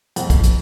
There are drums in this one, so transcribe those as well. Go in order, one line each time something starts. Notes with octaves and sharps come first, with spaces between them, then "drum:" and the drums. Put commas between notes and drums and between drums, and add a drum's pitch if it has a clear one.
F2, drum: hi-hat
drum: kick, hi-hat
drum: hi-hat